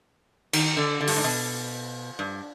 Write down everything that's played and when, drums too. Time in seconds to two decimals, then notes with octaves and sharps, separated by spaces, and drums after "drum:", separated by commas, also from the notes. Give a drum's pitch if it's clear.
0.53 D#3, drum: cymbal
0.77 D3
1.01 D3
1.08 G2, drum: open hi-hat
1.17 G#2
1.24 B2
2.19 G2